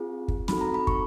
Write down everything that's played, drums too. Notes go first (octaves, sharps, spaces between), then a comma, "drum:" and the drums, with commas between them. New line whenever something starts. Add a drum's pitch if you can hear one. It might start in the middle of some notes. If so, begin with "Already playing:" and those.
Already playing: C4 F4 G#4
drum: kick
C4 D#4 F#4 A4 B5, drum: snare
A#5
B5
C#6, drum: kick